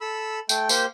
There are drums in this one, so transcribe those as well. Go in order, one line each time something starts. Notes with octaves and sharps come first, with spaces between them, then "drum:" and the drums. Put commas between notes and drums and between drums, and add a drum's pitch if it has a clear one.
A4 B5 E6
A3 G5, drum: tambourine
A#3 G4 C5 G6, drum: tambourine